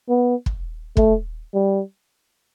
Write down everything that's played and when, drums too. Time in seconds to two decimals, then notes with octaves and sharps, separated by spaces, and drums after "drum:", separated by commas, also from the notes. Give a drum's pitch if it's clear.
0.09 B3
0.46 drum: kick
0.97 A3, drum: kick
1.54 G3